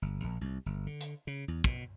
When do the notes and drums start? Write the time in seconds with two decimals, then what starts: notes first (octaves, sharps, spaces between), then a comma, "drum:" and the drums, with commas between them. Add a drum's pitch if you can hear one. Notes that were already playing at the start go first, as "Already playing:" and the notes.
0.02 G1
0.24 A#1
0.41 C2
0.66 G1
0.86 D3
1.01 drum: hi-hat
1.27 C#3
1.48 E2
1.64 B2, drum: kick